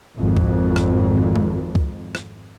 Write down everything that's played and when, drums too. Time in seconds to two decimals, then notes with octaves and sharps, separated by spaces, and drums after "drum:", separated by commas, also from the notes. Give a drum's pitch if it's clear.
0.17 G#1 F2
0.37 drum: kick C#2
0.76 drum: rim click
1.36 drum: tom G#3
1.75 drum: kick C#2
2.15 drum: rim click